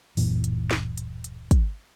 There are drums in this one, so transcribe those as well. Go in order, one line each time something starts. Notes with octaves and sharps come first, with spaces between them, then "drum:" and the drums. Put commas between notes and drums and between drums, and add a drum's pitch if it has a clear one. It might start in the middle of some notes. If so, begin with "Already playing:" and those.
D1 F#2 A#2 E3, drum: open hi-hat
drum: hi-hat
drum: snare
drum: hi-hat
drum: hi-hat
drum: kick, hi-hat